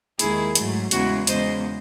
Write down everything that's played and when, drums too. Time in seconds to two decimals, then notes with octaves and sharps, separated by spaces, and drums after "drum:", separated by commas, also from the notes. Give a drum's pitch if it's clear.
0.19 D#2 D#3 G#3 E4 G#4, drum: hi-hat
0.55 G#2 F#3 A3, drum: hi-hat
0.91 E2 C#3 E3 G#3 F#4, drum: hi-hat
1.27 E2 C#3 G#3 C5 D#5, drum: hi-hat